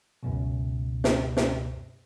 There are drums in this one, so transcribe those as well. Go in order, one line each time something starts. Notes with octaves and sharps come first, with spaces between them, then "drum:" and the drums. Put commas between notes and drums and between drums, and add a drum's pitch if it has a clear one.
C#2 F#2 B2
drum: snare
drum: snare